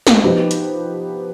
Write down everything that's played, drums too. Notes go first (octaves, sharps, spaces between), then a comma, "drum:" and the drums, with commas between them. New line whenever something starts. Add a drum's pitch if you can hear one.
drum: snare
F3 B3 D#4 G4
drum: hi-hat